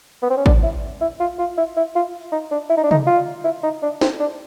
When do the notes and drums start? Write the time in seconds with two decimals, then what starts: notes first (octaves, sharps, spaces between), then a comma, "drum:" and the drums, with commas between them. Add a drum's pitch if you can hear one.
0.23 B3
0.30 C4
0.37 C#4
0.46 D4, drum: kick A1
0.63 E4
1.01 E4
1.20 F4
1.39 F4
1.58 E4
1.77 E4
1.95 F4
2.32 D#4
2.51 D4
2.69 E4
2.77 D#4
2.84 D4
2.91 D#4, drum: tom C3
3.07 F4
3.44 E4
3.63 D#4
3.83 D4
4.01 C4, drum: snare
4.20 D4